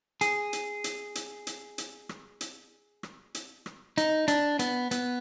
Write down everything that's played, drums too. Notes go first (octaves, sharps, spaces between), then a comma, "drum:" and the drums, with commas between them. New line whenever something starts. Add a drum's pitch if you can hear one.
G#4, drum: hi-hat
drum: hi-hat
drum: hi-hat
drum: hi-hat
drum: hi-hat
drum: hi-hat
drum: rim click
drum: hi-hat
drum: rim click
drum: hi-hat
drum: rim click
D#4, drum: hi-hat
D4, drum: hi-hat
B3, drum: hi-hat
B3, drum: hi-hat